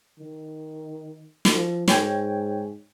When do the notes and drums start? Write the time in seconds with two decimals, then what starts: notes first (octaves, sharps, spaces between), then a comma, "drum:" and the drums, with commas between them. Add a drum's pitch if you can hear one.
0.19 D#3
1.45 drum: snare
1.54 F3
1.88 G#2 C#5 G5 G#5, drum: snare